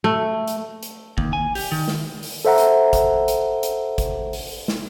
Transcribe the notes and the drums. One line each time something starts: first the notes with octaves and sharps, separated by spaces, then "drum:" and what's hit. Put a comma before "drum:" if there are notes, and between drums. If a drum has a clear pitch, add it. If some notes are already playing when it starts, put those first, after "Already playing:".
A3
drum: hi-hat
drum: hi-hat
D#2, drum: kick G#1
G#5
G4, drum: open hi-hat
D#3
drum: snare
drum: open hi-hat
A4 C5 E5 F#5 A#5
drum: hi-hat
drum: kick G#1, hi-hat
drum: hi-hat
drum: hi-hat
drum: kick G#1, hi-hat
drum: open hi-hat
drum: snare